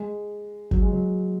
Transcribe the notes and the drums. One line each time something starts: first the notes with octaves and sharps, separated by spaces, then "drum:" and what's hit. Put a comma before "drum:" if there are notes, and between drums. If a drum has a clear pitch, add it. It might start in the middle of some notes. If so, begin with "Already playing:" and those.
Already playing: G#3
F#3, drum: kick
G#3
F#3